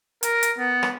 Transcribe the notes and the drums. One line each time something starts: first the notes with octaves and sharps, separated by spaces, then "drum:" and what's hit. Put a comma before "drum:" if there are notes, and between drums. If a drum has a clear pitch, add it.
A#4, drum: hi-hat
drum: hi-hat
B3
drum: rim click